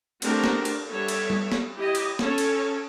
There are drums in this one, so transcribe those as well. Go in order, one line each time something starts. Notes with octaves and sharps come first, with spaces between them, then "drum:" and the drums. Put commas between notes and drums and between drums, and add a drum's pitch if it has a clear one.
A3 C4 D4 F#4 G4 A#4, drum: cymbal
drum: snare B3
drum: cymbal
G3 B3 A4 C#5 E5
drum: cymbal
drum: tom G3
drum: snare B3
E4 G4 D#5
drum: cymbal
C#4 A4 C#5, drum: snare B3
drum: cymbal